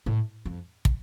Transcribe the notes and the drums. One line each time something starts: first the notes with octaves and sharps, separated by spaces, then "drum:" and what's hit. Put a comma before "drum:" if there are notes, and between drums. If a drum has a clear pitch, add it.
A2
F2
drum: kick